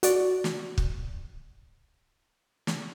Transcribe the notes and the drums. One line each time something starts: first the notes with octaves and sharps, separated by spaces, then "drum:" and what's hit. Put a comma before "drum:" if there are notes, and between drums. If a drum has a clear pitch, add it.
F#4 D5, drum: hi-hat
drum: snare
drum: kick
drum: snare